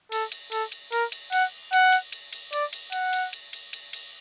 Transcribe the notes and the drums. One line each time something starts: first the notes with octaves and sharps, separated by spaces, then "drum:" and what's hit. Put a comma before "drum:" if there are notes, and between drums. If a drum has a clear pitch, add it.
A4, drum: cymbal
drum: cymbal
A4, drum: cymbal
drum: cymbal
A#4, drum: cymbal
drum: cymbal
F#5, drum: cymbal
F#5, drum: cymbal
drum: cymbal
drum: cymbal
drum: cymbal
D5, drum: cymbal
drum: cymbal
F#5, drum: cymbal
drum: cymbal
drum: cymbal
drum: cymbal
drum: cymbal
drum: cymbal